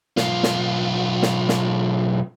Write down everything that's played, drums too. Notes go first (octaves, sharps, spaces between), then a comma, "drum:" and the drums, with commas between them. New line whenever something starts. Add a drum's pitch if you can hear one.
B1 F4, drum: snare
drum: snare
drum: snare
drum: snare